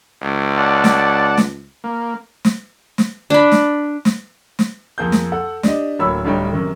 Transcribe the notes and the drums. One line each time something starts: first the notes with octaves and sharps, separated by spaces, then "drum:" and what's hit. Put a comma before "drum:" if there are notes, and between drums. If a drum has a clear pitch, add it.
C#2
D5 F#5 A5
drum: snare
drum: snare
A#3
drum: snare
drum: snare
D4 B5
drum: snare
drum: snare
drum: snare
F2 A#3 G#4 G6
drum: snare
A4 F#5
D4 G4 D#5, drum: snare
D1 F#3 A#3 C#5 B5 E6
D1 D3 G3 D#4 C#5 G5
F#2 C3 D#3